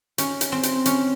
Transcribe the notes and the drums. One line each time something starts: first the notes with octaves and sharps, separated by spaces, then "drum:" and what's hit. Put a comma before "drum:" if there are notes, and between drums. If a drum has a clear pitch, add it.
C#4, drum: hi-hat
drum: hi-hat
C4
drum: hi-hat
C#4, drum: hi-hat